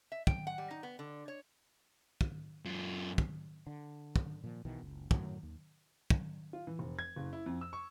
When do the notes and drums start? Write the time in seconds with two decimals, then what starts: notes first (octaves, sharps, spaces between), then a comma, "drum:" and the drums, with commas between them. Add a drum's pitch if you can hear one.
0.12 E5
0.27 G5, drum: kick
0.47 F#5
0.58 G3
0.71 D#4
0.83 B3
0.99 D3
1.28 C#5
2.21 drum: kick
2.65 F#2 F4
3.18 drum: kick
3.67 D3
4.16 drum: kick
4.44 A#2 F3
4.65 B1 B2 D#3 E3
4.81 F#1 C#2
5.11 F#2 A2 F#3, drum: kick
5.43 D#2
6.10 drum: kick
6.53 F4
6.67 E3
6.79 F1
6.99 G#6
7.16 F#1
7.33 E4
7.46 F2
7.61 E6
7.73 C#6